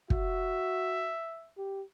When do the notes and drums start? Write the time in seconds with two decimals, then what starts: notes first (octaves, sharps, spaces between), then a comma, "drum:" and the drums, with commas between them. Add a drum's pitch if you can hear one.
0.10 F#4 E5, drum: kick
1.58 G4